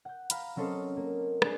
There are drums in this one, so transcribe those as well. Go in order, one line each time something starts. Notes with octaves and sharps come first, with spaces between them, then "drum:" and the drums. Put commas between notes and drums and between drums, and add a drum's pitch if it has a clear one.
F#5 G6
F5 A#5 B5, drum: hi-hat
F#3 C4 C#4 A4 C5 D#5
A#3
D4 G#4 F#6 D#7, drum: rim click